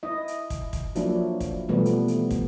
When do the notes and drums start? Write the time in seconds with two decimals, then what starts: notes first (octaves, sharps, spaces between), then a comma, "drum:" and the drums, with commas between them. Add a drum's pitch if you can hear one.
0.03 E4 D#5
0.28 drum: hi-hat
0.50 drum: kick, hi-hat
0.73 drum: kick, hi-hat
0.95 F3 F#3 A#3 D4 E4, drum: hi-hat
1.40 drum: kick, hi-hat
1.69 B2 E3 F3 G3 A3 B3
1.86 drum: hi-hat
2.08 drum: hi-hat
2.31 drum: kick, hi-hat